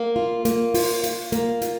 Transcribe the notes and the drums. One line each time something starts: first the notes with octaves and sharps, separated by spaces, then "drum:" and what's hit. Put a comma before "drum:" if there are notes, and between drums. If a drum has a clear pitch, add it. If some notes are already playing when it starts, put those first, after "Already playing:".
Already playing: A#3
F4
A#3, drum: hi-hat
F4, drum: open hi-hat
F4, drum: hi-hat
A#3, drum: hi-hat
F4, drum: hi-hat